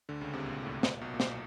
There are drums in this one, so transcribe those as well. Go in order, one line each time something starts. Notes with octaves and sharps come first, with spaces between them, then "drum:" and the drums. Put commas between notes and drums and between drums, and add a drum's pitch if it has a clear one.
D2 D3
C#2 C#3
C2 C3
A#2
A2
A#2, drum: snare
B1 B2
A#2
B1 B2, drum: snare